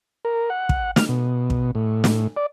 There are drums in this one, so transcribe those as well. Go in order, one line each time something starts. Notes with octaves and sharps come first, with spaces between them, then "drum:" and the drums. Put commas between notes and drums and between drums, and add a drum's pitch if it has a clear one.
A#4
F#5
drum: kick
F6, drum: snare
B2
drum: kick
A2
drum: snare
D5